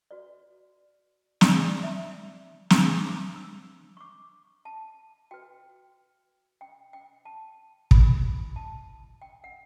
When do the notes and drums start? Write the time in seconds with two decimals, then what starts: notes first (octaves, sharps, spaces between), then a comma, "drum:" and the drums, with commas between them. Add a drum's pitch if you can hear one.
0.11 F#4 B4 D5
1.41 D5, drum: snare
1.62 D5
1.83 E5
2.70 D4 G4 B4 C#6, drum: snare
2.92 D6
3.36 E6
3.97 C#6
4.01 D6
4.65 A5
5.31 F#4 B4 G5
6.61 G5
6.93 G5
7.25 A5
7.91 E4 G4 B4 B5, drum: kick
8.56 A5
9.22 G5
9.44 F#5